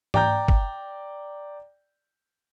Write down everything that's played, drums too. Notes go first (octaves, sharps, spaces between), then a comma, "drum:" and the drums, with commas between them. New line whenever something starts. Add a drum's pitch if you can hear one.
D5 G5 A#5 G6, drum: tom G#2
drum: kick